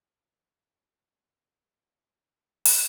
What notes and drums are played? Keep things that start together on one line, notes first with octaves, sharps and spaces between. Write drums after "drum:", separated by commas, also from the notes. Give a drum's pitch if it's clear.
D#3 F#3 B3 C4 F4
G1 F#2 A2 F4 G#6 A6
D3 A#3 C4 D#4
F#3 A5
F#3 C#4
drum: open hi-hat